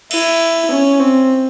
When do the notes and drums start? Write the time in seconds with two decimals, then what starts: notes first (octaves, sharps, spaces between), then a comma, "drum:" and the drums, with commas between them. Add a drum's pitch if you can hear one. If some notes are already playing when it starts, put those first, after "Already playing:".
0.11 E4, drum: cymbal
0.71 C#4
1.00 C4